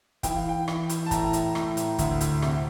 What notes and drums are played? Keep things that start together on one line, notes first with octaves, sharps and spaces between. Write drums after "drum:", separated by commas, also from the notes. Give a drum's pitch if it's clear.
E3 G5, drum: kick, hi-hat
F5
G5
E3, drum: rim click
drum: hi-hat
A5
A2 A#5, drum: kick, hi-hat
drum: hi-hat
A2, drum: rim click
drum: hi-hat
D2, drum: kick, hi-hat
drum: hi-hat
C3, drum: rim click